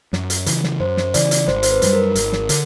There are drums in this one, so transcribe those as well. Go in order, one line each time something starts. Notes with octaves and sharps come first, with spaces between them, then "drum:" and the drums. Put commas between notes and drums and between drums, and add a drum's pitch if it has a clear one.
F#2, drum: snare
drum: hi-hat
C#3 E3, drum: hi-hat
drum: snare
F#2 C5
drum: snare
C#3 E3 D5, drum: hi-hat
drum: hi-hat
G#1 C5, drum: snare
C5, drum: hi-hat
B4
F#2 D3 G3, drum: hi-hat
A#4
G#1, drum: hi-hat
drum: snare
D3, drum: hi-hat